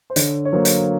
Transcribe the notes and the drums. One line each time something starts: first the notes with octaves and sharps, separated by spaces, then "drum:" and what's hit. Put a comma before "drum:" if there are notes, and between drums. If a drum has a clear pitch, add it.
C5
D3 C#5, drum: hi-hat
C#5
F#3 A#3 C5
drum: hi-hat